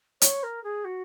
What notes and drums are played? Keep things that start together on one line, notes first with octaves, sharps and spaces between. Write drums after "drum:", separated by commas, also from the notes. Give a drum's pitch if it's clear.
C#5, drum: hi-hat
A#4
G#4
F#4